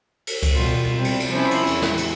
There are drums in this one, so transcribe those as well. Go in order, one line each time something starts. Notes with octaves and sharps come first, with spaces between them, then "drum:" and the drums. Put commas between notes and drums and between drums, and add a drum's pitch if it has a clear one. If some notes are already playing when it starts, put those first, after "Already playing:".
drum: cymbal
drum: kick C#2, cymbal
B2 G3 F4
C3 G3
drum: cymbal
drum: cymbal
F3 C#4 E4
drum: cymbal
E2, drum: cymbal
drum: snare
drum: cymbal